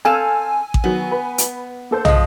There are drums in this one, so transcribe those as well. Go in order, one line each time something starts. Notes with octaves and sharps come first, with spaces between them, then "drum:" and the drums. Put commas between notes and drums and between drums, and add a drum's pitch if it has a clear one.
C4 A4 F5 G#5 E6 F6 D#7
drum: kick A1
D#3 F#3 B3
B4
drum: hi-hat
A#3 A4 C5
F3 G#3 D#5 F5, drum: tom